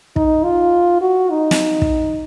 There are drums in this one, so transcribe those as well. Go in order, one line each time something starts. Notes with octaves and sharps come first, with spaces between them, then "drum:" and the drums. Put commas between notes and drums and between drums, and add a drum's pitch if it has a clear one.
D#4, drum: kick
F4
F#4
D#4
drum: snare
drum: kick